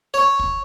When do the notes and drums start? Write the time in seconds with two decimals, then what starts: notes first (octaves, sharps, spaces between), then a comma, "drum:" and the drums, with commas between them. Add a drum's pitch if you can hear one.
0.14 C#5
0.39 drum: kick